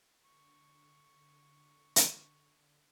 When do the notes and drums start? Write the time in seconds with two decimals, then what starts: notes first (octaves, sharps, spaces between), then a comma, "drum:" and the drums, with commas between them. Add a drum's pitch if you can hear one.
0.25 D3 C#6
1.96 drum: hi-hat